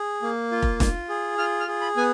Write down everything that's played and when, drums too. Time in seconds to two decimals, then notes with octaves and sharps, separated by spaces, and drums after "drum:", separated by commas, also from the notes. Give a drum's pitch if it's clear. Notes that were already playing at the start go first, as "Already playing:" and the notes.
Already playing: G#4
0.22 A#3
0.52 F4
0.62 drum: kick F1
0.80 F4, drum: snare E1
1.09 G#4
1.38 F4 F6
1.60 F6
1.68 G#4
1.81 B5
1.97 B3 G#5